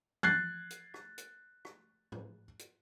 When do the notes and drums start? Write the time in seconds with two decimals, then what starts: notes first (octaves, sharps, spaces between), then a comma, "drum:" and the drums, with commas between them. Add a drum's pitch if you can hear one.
0.23 F#6 G#6 A6 C7, drum: tom E3
0.70 drum: hi-hat
0.94 drum: rim click
1.18 drum: hi-hat
1.65 drum: rim click
2.12 drum: tom G#2
2.59 drum: hi-hat